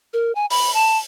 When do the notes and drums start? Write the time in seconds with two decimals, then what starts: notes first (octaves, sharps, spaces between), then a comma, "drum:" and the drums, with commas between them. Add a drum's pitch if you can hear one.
0.13 A#4
0.35 G#5
0.50 B5, drum: open hi-hat
0.74 A5